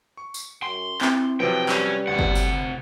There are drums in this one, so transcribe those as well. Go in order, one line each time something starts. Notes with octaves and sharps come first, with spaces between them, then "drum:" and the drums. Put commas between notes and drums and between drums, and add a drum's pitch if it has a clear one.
C#6
drum: tambourine
F#2 C6 C7
C4 E4, drum: clap
C3 F3 F#3 B4 G5
G3 C#4, drum: clap
D2 A2 C3 F#5
drum: kick G1
drum: tambourine